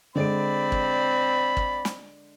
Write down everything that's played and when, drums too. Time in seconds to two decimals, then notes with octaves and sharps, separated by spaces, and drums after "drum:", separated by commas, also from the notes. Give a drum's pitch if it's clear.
0.15 D3 G#3 C4 D5 B5 D7
0.72 drum: kick
1.57 drum: kick
1.85 drum: snare